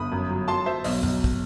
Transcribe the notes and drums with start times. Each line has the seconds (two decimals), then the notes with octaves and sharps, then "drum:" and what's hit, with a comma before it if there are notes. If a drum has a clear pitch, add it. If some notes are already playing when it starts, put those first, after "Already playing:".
Already playing: G1 B5 D#6
0.12 F#2
0.30 F#3
0.48 F#3 A5 C6
0.66 F#3 C5 E5
0.84 B1 D#5, drum: open hi-hat
1.03 B1, drum: tom F2
1.24 drum: kick